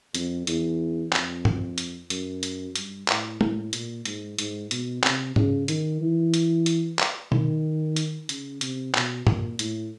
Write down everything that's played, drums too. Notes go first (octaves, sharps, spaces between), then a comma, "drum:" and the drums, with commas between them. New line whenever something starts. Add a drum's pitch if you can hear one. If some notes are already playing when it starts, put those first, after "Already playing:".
F2, drum: hi-hat
E2, drum: hi-hat
F2, drum: clap
drum: tom
drum: hi-hat
F#2, drum: hi-hat
drum: hi-hat
G2, drum: hi-hat
A2, drum: clap
A2, drum: tom
A#2, drum: hi-hat
G#2, drum: hi-hat
G#2, drum: hi-hat
B2, drum: hi-hat
C3, drum: clap
C#3, drum: tom G#2
D#3, drum: hi-hat
E3
drum: hi-hat
drum: hi-hat
drum: clap
D#3, drum: tom B2
drum: hi-hat
C#3, drum: hi-hat
C3, drum: hi-hat
B2, drum: clap
A#2, drum: tom
A2, drum: hi-hat